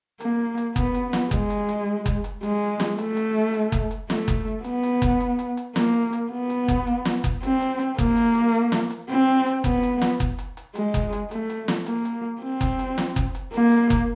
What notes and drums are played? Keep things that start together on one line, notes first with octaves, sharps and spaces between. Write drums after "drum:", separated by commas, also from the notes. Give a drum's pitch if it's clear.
A#3, drum: hi-hat
drum: hi-hat
B3, drum: kick F#1, hi-hat
drum: hi-hat
drum: snare
G#3, drum: kick F#1, hi-hat
drum: hi-hat
drum: hi-hat
drum: kick F#1, hi-hat
drum: hi-hat
G#3, drum: hi-hat
drum: snare
A3, drum: hi-hat
drum: hi-hat
drum: hi-hat
drum: kick F#1, hi-hat
drum: hi-hat
A3, drum: snare
drum: kick F#1, hi-hat
B3, drum: hi-hat
drum: hi-hat
drum: kick F#1, hi-hat
drum: hi-hat
drum: hi-hat
drum: hi-hat
A#3, drum: snare
drum: hi-hat
B3
drum: hi-hat
drum: kick F#1, hi-hat
drum: hi-hat
drum: snare
drum: kick F#1, hi-hat
C4, drum: hi-hat
drum: hi-hat
drum: hi-hat
A#3, drum: kick F#1, hi-hat
drum: hi-hat
drum: hi-hat
drum: snare
drum: hi-hat
C4, drum: hi-hat
drum: hi-hat
B3, drum: kick F#1, hi-hat
drum: hi-hat
drum: snare
drum: kick F#1, hi-hat
drum: hi-hat
drum: hi-hat
G#3, drum: hi-hat
drum: kick F#1, hi-hat
drum: hi-hat
A3, drum: hi-hat
drum: hi-hat
drum: snare
A#3, drum: hi-hat
drum: hi-hat
C4
drum: kick F#1, hi-hat
drum: hi-hat
drum: snare
drum: kick F#1, hi-hat
drum: hi-hat
A#3, drum: hi-hat
drum: hi-hat
drum: kick F#1, hi-hat